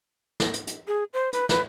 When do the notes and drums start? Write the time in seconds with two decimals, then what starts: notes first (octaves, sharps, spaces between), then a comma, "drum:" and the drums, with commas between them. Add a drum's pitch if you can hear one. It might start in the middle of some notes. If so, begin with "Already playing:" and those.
0.40 drum: snare
0.54 drum: hi-hat
0.67 drum: hi-hat
0.88 G#4
1.13 C5
1.33 B4, drum: hi-hat
1.49 B4, drum: snare